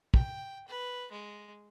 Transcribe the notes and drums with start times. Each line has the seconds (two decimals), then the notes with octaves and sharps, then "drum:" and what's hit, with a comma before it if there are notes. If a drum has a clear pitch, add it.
0.14 G5, drum: kick
0.68 B4
1.11 G#3